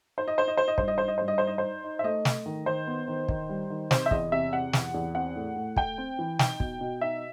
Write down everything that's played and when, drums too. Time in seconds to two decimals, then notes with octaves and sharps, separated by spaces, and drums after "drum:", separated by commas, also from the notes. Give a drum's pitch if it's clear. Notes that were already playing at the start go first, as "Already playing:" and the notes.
0.18 D#4 C5
0.28 D#5
0.38 D#4 C5
0.48 D#5
0.57 D#4 C5
0.68 D#5
0.78 G2 C5, drum: kick
0.88 D#5
0.98 D#4 C5
1.08 D#5
1.18 G2 C5
1.28 D#5
1.38 D#4 C5
1.47 D#5
1.58 D#4 C5
1.84 D#4
1.99 E5
2.04 A3 D#5
2.25 A3, drum: snare
2.46 D#3
2.66 D#3 C5
2.87 B3
3.08 D#3
3.28 D#3, drum: kick
3.49 G3
3.70 D#3
3.91 C3 C5, drum: snare
4.06 E5
4.11 E2 D#5, drum: kick
4.32 C3 E5
4.53 C3 F#5
4.73 E2, drum: snare
4.94 E2
5.15 C4 F#5
5.36 A2
5.56 A2
5.76 A3 G5, drum: kick
5.98 C4
6.19 E3
6.39 D#4 G5, drum: snare
6.60 B2, drum: kick
6.81 B2
7.01 D#4 E5